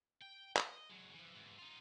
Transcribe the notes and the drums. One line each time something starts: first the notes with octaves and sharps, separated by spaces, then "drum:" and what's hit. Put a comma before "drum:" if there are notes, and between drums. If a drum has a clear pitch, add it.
G5
D#5, drum: clap
F#3 G#3
E3 F3
G#2 E3
D#4 F4